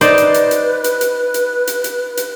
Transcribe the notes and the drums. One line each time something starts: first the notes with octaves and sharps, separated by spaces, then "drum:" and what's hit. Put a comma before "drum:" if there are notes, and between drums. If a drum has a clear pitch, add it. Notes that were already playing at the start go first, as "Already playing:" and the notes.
D#4 B4 C5 D5, drum: hi-hat
drum: hi-hat
drum: hi-hat
drum: hi-hat
drum: hi-hat
drum: hi-hat
drum: hi-hat
drum: hi-hat
drum: hi-hat
drum: hi-hat